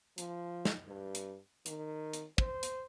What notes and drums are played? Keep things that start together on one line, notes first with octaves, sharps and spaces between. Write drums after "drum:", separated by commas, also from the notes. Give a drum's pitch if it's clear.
F3, drum: hi-hat
drum: snare
G2
drum: hi-hat
D#3, drum: hi-hat
drum: hi-hat
C5, drum: kick
drum: hi-hat